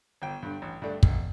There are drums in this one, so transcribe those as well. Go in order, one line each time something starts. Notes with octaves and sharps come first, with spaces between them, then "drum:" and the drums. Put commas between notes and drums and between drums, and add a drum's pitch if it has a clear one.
G1 G5
G2 D3
A1
G2 D3 A3 D4
E1, drum: kick